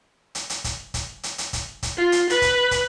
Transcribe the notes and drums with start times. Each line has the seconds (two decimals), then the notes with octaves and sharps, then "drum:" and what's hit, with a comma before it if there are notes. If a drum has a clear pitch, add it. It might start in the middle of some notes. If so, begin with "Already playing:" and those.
0.35 drum: hi-hat
0.50 drum: hi-hat
0.64 drum: kick, hi-hat
0.94 drum: kick, hi-hat
1.23 drum: hi-hat
1.38 drum: hi-hat
1.53 drum: kick, hi-hat
1.83 drum: kick, hi-hat
1.97 F4
2.12 drum: hi-hat
2.30 B4, drum: hi-hat
2.42 drum: kick, hi-hat
2.71 drum: kick, hi-hat